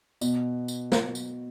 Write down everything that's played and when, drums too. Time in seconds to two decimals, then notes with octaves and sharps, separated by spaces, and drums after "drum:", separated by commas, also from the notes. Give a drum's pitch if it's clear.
0.21 B2, drum: tambourine
0.68 drum: tambourine
0.92 drum: snare
1.15 drum: tambourine